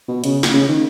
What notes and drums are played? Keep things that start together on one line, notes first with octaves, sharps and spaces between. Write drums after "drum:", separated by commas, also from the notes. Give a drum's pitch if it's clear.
B2
C#3, drum: hi-hat
drum: snare
C#3
D#3